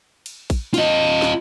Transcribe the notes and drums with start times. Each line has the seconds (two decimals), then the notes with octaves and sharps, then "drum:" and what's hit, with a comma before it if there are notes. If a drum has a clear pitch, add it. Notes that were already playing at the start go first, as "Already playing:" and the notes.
0.26 drum: cymbal
0.50 drum: kick, cymbal
0.74 F4 D#5, drum: cymbal
1.22 drum: snare